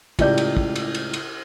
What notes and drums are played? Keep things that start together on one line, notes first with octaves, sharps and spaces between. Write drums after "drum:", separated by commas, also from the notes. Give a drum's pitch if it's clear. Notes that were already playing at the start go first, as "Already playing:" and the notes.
C#2 A2 G4 D5 G6, drum: kick, cymbal
drum: cymbal
drum: kick
drum: cymbal
drum: cymbal
drum: cymbal